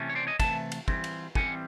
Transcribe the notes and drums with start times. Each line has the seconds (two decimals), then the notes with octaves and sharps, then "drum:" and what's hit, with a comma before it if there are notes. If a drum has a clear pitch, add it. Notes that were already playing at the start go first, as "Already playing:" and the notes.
Already playing: C3 E3 A3 C#4
0.09 C#5
0.15 C5 D5
0.27 C#5 D#5
0.40 C3 E3 A3 A5, drum: kick, cymbal
0.72 drum: cymbal
0.88 E3 G3 C4, drum: kick
1.04 drum: cymbal
1.35 E3 G3 C4 F#5 G#5, drum: kick